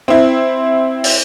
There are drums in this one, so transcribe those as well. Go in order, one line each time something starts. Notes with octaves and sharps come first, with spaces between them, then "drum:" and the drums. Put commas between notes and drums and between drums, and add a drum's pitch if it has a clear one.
C4 E4
drum: open hi-hat